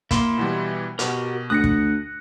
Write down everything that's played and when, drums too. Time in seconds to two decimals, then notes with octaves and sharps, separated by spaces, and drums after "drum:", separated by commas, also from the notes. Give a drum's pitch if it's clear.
0.11 A#3 E4 C6, drum: kick, hi-hat
0.37 B2 E3 G3
0.99 B2 F#4 G4 A#4, drum: hi-hat
1.50 D2 D#6 F#6 A#6 C#7
1.64 drum: kick